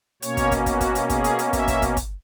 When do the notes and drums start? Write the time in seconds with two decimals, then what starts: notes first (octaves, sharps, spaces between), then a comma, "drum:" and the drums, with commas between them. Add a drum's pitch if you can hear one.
0.22 B2 A#3 C#4 C#5, drum: hi-hat
0.37 drum: kick, hi-hat
0.52 drum: kick, hi-hat
0.66 F#4, drum: kick, hi-hat
0.81 drum: kick, hi-hat
0.95 drum: hi-hat
1.10 G#4, drum: kick, hi-hat
1.24 drum: hi-hat
1.39 drum: hi-hat
1.53 E5, drum: kick, hi-hat
1.68 drum: kick, hi-hat
1.82 drum: kick, hi-hat
1.97 drum: kick, hi-hat